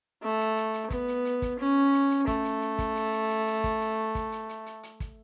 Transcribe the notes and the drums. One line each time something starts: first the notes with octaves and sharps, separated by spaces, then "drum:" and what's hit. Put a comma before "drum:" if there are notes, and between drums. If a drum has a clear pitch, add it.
A3
drum: hi-hat
drum: hi-hat
drum: hi-hat
B3, drum: kick, hi-hat
drum: hi-hat
drum: hi-hat
drum: kick, hi-hat
C#4
drum: hi-hat
drum: hi-hat
A3, drum: kick, hi-hat
drum: hi-hat
drum: hi-hat
drum: kick, hi-hat
drum: hi-hat
drum: hi-hat
drum: hi-hat
drum: hi-hat
drum: kick, hi-hat
drum: hi-hat
drum: kick, hi-hat
drum: hi-hat
drum: hi-hat
drum: hi-hat
drum: hi-hat
drum: kick, hi-hat